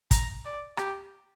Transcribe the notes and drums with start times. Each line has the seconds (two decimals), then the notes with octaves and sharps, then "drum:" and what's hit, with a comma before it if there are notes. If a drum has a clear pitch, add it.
0.11 A#5, drum: kick, hi-hat
0.45 D5
0.77 G4, drum: rim click